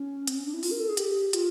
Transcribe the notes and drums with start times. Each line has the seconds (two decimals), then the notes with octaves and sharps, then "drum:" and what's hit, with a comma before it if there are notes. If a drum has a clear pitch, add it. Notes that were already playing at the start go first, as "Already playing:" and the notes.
Already playing: C#4
0.27 C4, drum: hi-hat
0.36 C#4
0.46 D4
0.54 E4
0.63 F4, drum: open hi-hat
0.71 A#4
0.80 A4
0.89 G#4
0.97 G4, drum: hi-hat
1.33 F4, drum: hi-hat